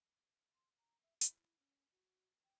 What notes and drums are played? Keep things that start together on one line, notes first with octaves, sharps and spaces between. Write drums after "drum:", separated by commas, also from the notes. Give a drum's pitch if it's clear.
C6
A#5
E5
E4, drum: hi-hat
C#4
F#4
G5